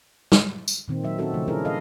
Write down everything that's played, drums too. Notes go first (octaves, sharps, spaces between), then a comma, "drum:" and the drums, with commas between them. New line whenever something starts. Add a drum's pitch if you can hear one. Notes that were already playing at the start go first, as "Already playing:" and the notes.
drum: snare
drum: tambourine
A#2 D#3 C4
F#3 E5
C4 C#4 D#4 F#4 A4
C#3 F3 A3
D4 E4 G#4 A#4
A4 D#5 F5